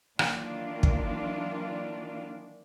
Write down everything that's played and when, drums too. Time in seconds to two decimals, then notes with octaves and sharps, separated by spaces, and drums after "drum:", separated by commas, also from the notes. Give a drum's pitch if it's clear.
0.19 D#3 E3 F#3 A#3 D4 F4, drum: rim click
0.83 drum: kick